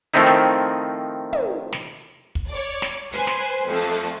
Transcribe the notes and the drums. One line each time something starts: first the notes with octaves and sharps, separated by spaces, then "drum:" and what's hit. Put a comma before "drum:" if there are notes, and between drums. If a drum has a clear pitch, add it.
D#3 F3 A3 C4 D#4 E4
drum: snare
drum: tom
drum: snare
drum: kick
C#5 D5
drum: snare
B4 C5 G#5
drum: snare
F2 F3 A3